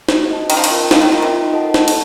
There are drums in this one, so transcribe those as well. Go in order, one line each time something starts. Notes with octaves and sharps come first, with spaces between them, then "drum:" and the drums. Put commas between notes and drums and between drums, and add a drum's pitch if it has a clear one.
F#4, drum: snare D#4
C5 D#5 A5
D#3 C#4, drum: cymbal
F3
D#3, drum: cymbal
F4 A#4 D#5
F3 C#4, drum: snare D#4
D#3
D#3 F4 A#4 D#5
C3
D#4
A4 D#5 F#5 A5
D#4, drum: snare D#4
drum: cymbal